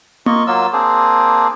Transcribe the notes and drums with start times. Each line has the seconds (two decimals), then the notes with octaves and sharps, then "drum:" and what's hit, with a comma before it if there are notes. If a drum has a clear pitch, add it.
0.26 A#3 F4 D#5 C#6, drum: tom A#3
0.47 F#3 A#3 F4 E6
0.73 A#3 C4 D4 G#4